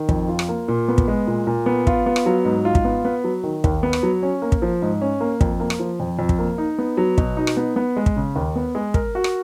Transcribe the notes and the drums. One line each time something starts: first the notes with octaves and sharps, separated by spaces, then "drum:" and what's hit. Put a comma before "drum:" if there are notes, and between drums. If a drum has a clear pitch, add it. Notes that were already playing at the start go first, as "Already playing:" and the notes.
Already playing: D#3
F2, drum: kick
F4
drum: rim click
A#3
A#2
B3
drum: kick
G#3
A#2
A#2
B3
F4, drum: kick
B3
drum: rim click
F#3
G#2
F4
drum: kick
B3
B3
F#3
D#3
D#2, drum: kick
B3
drum: rim click
F#3
C#4
A#3
drum: kick
F3
G#2
C#4
A#3
F2, drum: kick
A#3
drum: rim click
F3
F2
F2
drum: kick
A#3
D#4
B3
F#3
B2, drum: kick
D#4
drum: rim click
B3
B3
G#3
drum: kick
C#3
D#2
B3
G#3
A#4, drum: kick
F#4
drum: rim click